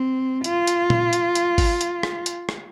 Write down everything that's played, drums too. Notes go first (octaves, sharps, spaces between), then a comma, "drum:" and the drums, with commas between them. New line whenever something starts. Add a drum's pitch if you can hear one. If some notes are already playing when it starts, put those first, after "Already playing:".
Already playing: C4
F4, drum: hi-hat
drum: hi-hat
drum: tom A#2
drum: hi-hat
drum: hi-hat
drum: kick, open hi-hat
drum: hi-hat
drum: rim click
drum: hi-hat
drum: rim click